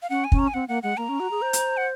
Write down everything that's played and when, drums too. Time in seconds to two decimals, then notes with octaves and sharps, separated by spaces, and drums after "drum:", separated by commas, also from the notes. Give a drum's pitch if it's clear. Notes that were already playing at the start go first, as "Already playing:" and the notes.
0.02 F5
0.10 C#4 F#5
0.24 G#5
0.32 C#4, drum: kick
0.39 A#5
0.47 G#5
0.54 C4 F#5
0.68 A#3 F#5
0.83 G#3 F#5
0.97 A#3 A#5
1.09 C#4
1.20 F#4
1.31 G#4
1.42 C5
1.53 drum: hi-hat
1.77 F#5